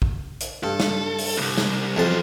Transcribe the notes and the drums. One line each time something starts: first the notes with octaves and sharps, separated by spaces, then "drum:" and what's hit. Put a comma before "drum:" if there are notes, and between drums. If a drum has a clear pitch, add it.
drum: kick
drum: hi-hat
G2 A4
drum: snare
drum: open hi-hat
C2 F2
drum: snare
B1 F2 E3 C5 A5